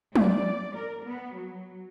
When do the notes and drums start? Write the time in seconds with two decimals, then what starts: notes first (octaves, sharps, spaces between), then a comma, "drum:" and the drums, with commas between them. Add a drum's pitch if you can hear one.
0.16 D5, drum: tom
0.75 A#4
1.04 B3
1.36 F#3